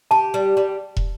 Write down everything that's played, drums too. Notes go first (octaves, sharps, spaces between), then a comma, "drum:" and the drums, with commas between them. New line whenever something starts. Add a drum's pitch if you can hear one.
G4 A5
G3
G3
drum: kick